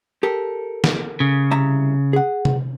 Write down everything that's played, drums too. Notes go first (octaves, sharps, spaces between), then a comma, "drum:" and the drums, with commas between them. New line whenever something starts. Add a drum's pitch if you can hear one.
G4 A4 A#4
drum: snare
C#3
C2 E5 A#5
G#4 F#5
drum: tom C3